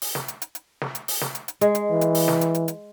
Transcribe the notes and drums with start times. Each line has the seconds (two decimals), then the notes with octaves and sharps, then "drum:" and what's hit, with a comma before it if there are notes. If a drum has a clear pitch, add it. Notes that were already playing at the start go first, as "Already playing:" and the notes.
0.02 drum: open hi-hat
0.15 drum: snare
0.28 drum: hi-hat
0.42 drum: hi-hat
0.55 drum: hi-hat
0.81 drum: snare
0.95 drum: hi-hat
1.08 drum: open hi-hat
1.21 drum: snare
1.35 drum: hi-hat
1.48 drum: hi-hat
1.61 G#3, drum: hi-hat
1.75 drum: hi-hat
1.91 E3
2.01 drum: hi-hat
2.15 drum: open hi-hat
2.28 drum: snare
2.41 drum: hi-hat
2.55 drum: hi-hat
2.68 drum: hi-hat